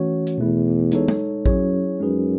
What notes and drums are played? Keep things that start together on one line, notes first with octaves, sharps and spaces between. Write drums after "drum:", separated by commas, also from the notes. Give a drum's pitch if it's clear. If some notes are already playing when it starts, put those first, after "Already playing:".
Already playing: E3 A3 C#4 F#4 C#5
drum: hi-hat
E2 B2 A3 E4
G#3 D#4 A4 C#5, drum: hi-hat
drum: tom
F#2 F#3 C#4 E4 G#4 C#5, drum: kick A1
F#2 G#3 D#4 G#4 B4